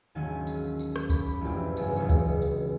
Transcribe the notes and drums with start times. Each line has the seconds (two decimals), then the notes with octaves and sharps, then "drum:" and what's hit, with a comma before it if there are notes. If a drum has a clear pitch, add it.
0.15 G#1 D#2 D#3 F#3 C#4 G#4
0.47 drum: tambourine
0.79 drum: tambourine
0.96 drum: rim click
1.10 B5 D6, drum: kick C#2, tambourine
1.41 E1 A1 F2 G4
1.77 C#2 G2 C#3 F#3, drum: tambourine
1.96 E1 C#3 D#4 C#6
2.09 drum: kick C#2, tambourine
2.42 drum: tambourine